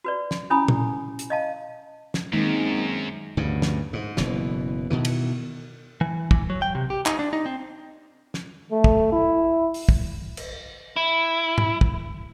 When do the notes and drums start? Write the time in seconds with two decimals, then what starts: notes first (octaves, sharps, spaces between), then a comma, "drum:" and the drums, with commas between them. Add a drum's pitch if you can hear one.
0.04 F#4 B4 D5
0.31 drum: snare
0.50 C#4 E4 G#5 B5 D#6
0.68 drum: tom
1.19 drum: hi-hat
1.30 D#5 F5 A5
2.14 drum: snare
2.33 F#2 D#3 G#3 A#3 C4 D#4
3.37 D2 G2 C#3
3.62 drum: snare
3.93 G#2
4.17 F#1 B2 E3, drum: snare
4.90 B2 D#3 E3
5.05 drum: cymbal
6.01 E3
6.31 E3, drum: kick
6.50 F#3
6.62 G5
6.75 C3
6.90 G4
7.06 D#4, drum: clap
7.19 D4
7.33 D#4
7.46 C4
8.34 drum: snare
8.72 A3
8.84 drum: kick
9.12 E4
9.74 drum: open hi-hat
9.89 drum: kick
10.37 drum: cymbal
10.96 E4
11.58 drum: tom G#2
11.81 drum: kick